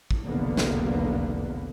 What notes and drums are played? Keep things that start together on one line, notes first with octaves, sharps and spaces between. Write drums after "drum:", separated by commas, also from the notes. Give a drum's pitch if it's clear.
drum: kick
F1 B1 E2 D3 A#3 B3
drum: snare